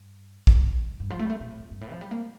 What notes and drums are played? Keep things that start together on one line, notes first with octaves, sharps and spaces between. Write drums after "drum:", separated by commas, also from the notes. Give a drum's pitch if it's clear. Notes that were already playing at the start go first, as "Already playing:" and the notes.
Already playing: G2
drum: kick A#1
G2
G2
F3
A3
G3
A3
A#2
A2
F2
G2
A2
F3
G3
A#3